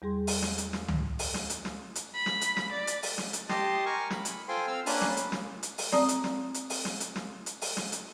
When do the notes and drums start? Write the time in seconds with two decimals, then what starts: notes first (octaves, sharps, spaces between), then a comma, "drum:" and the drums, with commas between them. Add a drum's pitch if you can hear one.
0.02 E2 G3 G#4 C6
0.27 drum: open hi-hat
0.42 drum: snare
0.58 drum: hi-hat
0.73 drum: snare
0.88 drum: tom C#2
1.19 drum: open hi-hat
1.34 drum: snare
1.50 drum: hi-hat
1.65 drum: snare
1.95 drum: hi-hat
2.15 B5
2.26 drum: snare
2.41 drum: hi-hat
2.57 drum: snare
2.72 D5
2.87 drum: hi-hat
3.03 drum: open hi-hat
3.18 drum: snare
3.33 drum: hi-hat
3.49 G4 D#5 A5 C6, drum: snare
3.86 A#4 G#5 C#6
4.10 B5, drum: snare
4.25 drum: hi-hat
4.48 F4 A4 C5 G5 G#5 C6
4.67 C4 F5 E6 F6
4.86 A#3 C#4 D4 B4 A5 F#6, drum: open hi-hat
5.01 drum: snare
5.17 drum: hi-hat
5.32 drum: snare
5.63 drum: hi-hat
5.78 drum: open hi-hat
5.92 C4 D5 A#5 D#6, drum: snare
6.08 drum: hi-hat
6.24 drum: snare
6.54 drum: hi-hat
6.70 drum: open hi-hat
6.85 drum: snare
7.00 drum: hi-hat
7.16 drum: snare
7.46 drum: hi-hat
7.61 drum: open hi-hat
7.77 drum: snare
7.92 drum: hi-hat